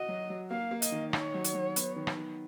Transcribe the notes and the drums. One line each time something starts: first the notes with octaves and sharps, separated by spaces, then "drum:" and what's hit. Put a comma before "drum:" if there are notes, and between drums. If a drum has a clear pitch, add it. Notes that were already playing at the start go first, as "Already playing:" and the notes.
Already playing: F#4 D#5
F#3
F#3
A#3 F5
A#3
D#5, drum: hi-hat
D#3
D#4 C#5, drum: rim click
F#3
drum: hi-hat
F#3
B3, drum: hi-hat
D#3
drum: rim click
D#3